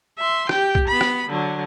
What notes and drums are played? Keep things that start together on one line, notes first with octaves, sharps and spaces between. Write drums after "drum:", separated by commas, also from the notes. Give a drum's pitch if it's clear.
E5 C6
G4 G5, drum: rim click
drum: kick C2
B3 B5
drum: rim click
D3 F#3